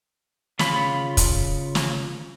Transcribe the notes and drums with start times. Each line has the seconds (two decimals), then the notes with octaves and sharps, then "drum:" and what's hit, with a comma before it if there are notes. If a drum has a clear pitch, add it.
0.59 C#3 F4 B5, drum: snare
1.17 drum: kick, hi-hat
1.75 drum: snare